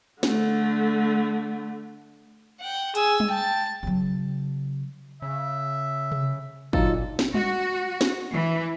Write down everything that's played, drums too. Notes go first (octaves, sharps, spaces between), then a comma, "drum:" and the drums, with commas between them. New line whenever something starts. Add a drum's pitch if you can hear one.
D3 A3, drum: snare
F#5 G5
G#4 G#5 E6, drum: hi-hat
drum: tom G3
G5 A5
C#3 F#3
C#3 E5
drum: tom C3
A#2 F#3 D#4 F4 A4, drum: kick
drum: snare
F#4, drum: tom G3
drum: snare
E3